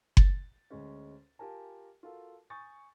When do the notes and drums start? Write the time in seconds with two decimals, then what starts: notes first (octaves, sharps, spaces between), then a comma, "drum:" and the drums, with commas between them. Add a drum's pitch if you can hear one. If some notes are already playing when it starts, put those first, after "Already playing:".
0.17 A6, drum: kick F#1
0.70 D2 G#3 C#4
1.39 F4 G4 A#4 G#5 A5
2.03 F4 F#4 A4 A#4
2.50 G#5 C#6 D#6 G6 A6